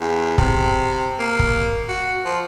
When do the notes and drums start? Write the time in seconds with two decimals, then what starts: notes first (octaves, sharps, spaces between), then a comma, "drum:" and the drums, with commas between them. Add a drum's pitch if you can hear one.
0.01 E2
0.38 C3, drum: kick
1.19 A#3
1.39 drum: kick
1.88 F#4
2.25 F3